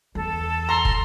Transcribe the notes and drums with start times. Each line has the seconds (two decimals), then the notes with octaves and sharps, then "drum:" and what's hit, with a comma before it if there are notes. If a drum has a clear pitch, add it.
0.15 E2 A4
0.69 A#5 C6
0.85 drum: kick